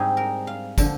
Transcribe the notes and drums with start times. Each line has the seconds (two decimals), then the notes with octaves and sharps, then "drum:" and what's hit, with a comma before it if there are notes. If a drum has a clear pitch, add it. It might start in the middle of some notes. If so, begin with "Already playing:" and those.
Already playing: G#2 G3 C4 D#4 G#4
0.17 A#4
0.47 F5
0.78 D3 F3, drum: kick, tambourine